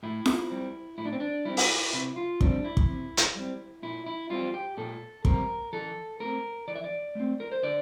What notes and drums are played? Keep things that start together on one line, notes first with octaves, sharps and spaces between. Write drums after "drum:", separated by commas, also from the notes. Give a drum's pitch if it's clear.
A2 E4
drum: snare F4
G3 C4
A2 E4
D4
C4
D4
G3 C4 E4
drum: open hi-hat
C3 E4
F4
G3 C4 D4, drum: kick
E4
drum: kick
C3
drum: hi-hat
G3 C4
A#2 E4
E4
G3 C4 F4
G4
A#2 A4
G3 C4 A#4, drum: kick
E3 A4
A3 C4 A#4
E3 D5
E5
D5
A3 C4
A#4
C5
D3 D5